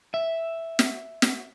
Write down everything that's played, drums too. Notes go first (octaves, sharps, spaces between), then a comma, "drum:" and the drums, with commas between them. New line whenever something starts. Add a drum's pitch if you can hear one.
E5
drum: snare
drum: snare